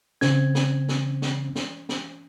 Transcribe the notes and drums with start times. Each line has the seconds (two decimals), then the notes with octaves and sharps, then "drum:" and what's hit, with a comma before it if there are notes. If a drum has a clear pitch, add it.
0.21 C#3 C4 G#6, drum: snare
0.55 drum: snare
0.88 drum: snare
1.22 drum: snare
1.55 drum: snare
1.89 drum: snare